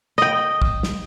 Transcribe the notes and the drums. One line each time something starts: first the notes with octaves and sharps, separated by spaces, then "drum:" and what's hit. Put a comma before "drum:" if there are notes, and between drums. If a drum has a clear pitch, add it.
D#5 G5
drum: kick
drum: snare